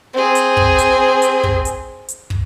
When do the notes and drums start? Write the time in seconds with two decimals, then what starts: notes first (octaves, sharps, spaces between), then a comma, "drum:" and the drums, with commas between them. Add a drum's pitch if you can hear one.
0.13 C4 G#4
0.35 drum: hi-hat
0.57 drum: kick
0.78 drum: hi-hat
1.22 drum: hi-hat
1.43 drum: kick
1.65 drum: hi-hat
2.08 drum: hi-hat
2.30 drum: kick